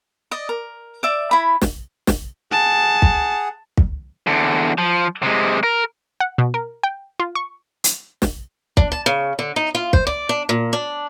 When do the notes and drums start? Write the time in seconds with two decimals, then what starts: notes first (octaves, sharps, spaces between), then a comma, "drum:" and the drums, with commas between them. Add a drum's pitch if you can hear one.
0.31 D5 D#5
0.49 A#4
1.03 D5 E5 D6
1.31 E4 B5
1.62 drum: snare
2.07 drum: snare
2.52 G#4 F#5 A5
3.02 drum: kick
3.77 drum: kick
4.27 E2 D3
4.78 F3
5.23 C3 G#3
5.63 A#4
6.20 F#5
6.38 B2
6.54 A#4
6.83 G5
7.20 F4
7.35 C#6
7.84 drum: hi-hat
8.22 drum: snare
8.77 D4, drum: kick
8.92 A5
9.06 C#3
9.39 D3
9.56 D#4
9.75 F4
9.93 C5, drum: kick
10.07 D5
10.29 D4
10.49 A#2
10.73 D4